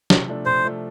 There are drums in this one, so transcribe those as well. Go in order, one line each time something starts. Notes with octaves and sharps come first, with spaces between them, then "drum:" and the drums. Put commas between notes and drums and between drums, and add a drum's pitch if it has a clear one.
C3, drum: snare
F3 A3 D4
C3 C5
F3 A3 D4